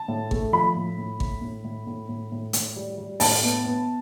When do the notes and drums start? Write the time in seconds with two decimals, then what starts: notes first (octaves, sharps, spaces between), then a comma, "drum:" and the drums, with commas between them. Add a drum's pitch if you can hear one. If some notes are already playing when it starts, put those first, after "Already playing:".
Already playing: A5
0.08 A2
0.31 A3, drum: kick G#1
0.52 F3 B5
0.76 A2
0.98 A2
1.20 A2, drum: kick G#1
1.42 A2
1.64 A2
1.87 A2
2.09 A2
2.32 A2
2.53 A2, drum: hi-hat
2.76 G3
2.98 G3
3.20 A2 A5, drum: open hi-hat
3.43 B3
3.65 B3